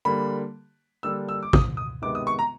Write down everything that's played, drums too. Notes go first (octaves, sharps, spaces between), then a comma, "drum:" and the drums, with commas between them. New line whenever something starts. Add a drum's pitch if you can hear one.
D3 G3 A#3 B5
D3 G3 A#3 D4 E6
E6
D6
D#6, drum: kick
D#6
C3 D#3 G#3 B3 D6
D#6
C#6
A#5